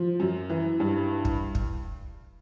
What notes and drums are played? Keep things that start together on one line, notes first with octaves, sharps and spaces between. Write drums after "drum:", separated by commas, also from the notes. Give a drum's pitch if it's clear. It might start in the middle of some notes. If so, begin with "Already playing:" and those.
Already playing: F3
F#2
E3
G2
drum: kick
drum: kick